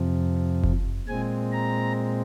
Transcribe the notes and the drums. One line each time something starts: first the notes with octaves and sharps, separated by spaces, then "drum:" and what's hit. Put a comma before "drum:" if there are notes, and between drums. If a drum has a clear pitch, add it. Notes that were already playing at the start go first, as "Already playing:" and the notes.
Already playing: F2 C3 F3
drum: kick F#1
A#2 G#3 C4 G#5
A#5